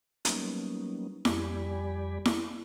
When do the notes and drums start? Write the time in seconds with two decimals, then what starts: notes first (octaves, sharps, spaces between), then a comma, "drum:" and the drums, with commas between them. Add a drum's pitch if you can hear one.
0.25 F#3 G3 A#3 B3 C#4 D#4, drum: hi-hat
1.25 F2 G3 G4 D5 G#5 B5, drum: snare E4
2.25 drum: snare E4